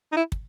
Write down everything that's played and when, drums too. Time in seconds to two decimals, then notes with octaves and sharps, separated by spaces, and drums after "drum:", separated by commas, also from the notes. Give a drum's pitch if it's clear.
0.12 D#4
0.17 E4
0.32 drum: kick